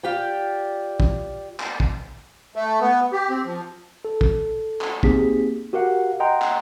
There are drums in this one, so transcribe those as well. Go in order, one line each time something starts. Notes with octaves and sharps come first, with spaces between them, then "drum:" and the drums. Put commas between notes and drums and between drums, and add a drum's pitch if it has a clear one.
F4 G4 D5 G5
drum: kick
drum: clap
drum: kick
A3
B3
G4
C4
F3
A4
drum: kick
drum: clap
A#3 C4 D#4 G4 G#4 B6, drum: kick
F#4 G4 A#4 F5 F#5
D#5 F#5 G5 A#5 C6
drum: clap